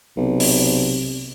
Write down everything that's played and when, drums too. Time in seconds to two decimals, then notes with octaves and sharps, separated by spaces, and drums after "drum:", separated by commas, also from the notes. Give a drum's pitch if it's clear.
0.17 B1 C3
0.40 drum: open hi-hat